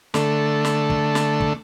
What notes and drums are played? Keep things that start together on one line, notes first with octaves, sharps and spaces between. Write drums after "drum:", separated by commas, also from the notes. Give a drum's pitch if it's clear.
D3 A3, drum: snare
drum: snare
drum: kick
drum: snare
drum: kick